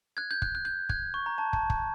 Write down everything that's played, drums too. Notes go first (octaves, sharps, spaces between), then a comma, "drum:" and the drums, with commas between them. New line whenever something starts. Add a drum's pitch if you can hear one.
F#6 G#6
G6
F#6, drum: kick
F#6
G6
F#6 G#6, drum: kick
C#6
A#5
A5
A5, drum: kick
drum: kick